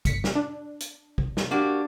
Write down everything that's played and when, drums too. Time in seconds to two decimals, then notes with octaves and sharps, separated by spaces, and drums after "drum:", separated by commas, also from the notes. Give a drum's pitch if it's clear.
0.05 G1 B6 C#7, drum: kick, hi-hat
0.24 drum: snare
0.35 D4
0.80 drum: hi-hat
1.18 drum: kick
1.37 drum: snare
1.51 A#3 D4 F#4 G4